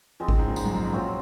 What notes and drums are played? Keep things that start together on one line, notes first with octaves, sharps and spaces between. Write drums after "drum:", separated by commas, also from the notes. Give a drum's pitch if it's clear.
F3 G#3 C4 D#4
C#3, drum: kick G#1
G#2
A#2
G#2, drum: tambourine
F#2
F2
G#2
A#2 F#3 C4 F4 C5